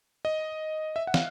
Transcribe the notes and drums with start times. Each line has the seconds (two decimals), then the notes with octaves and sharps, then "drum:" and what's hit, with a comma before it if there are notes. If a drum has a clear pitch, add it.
0.25 D#5
0.96 E5
1.07 F#5
1.14 F5, drum: snare